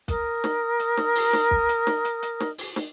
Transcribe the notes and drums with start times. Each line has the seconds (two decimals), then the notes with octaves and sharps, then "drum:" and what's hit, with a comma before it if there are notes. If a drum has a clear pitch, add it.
0.08 A#4 D#6, drum: kick, hi-hat
0.44 drum: snare
0.80 drum: hi-hat
0.97 drum: snare
1.15 drum: open hi-hat
1.33 drum: snare
1.51 drum: kick
1.69 drum: hi-hat
1.87 drum: snare
2.05 drum: hi-hat
2.23 drum: hi-hat
2.40 drum: snare
2.58 drum: open hi-hat
2.76 drum: snare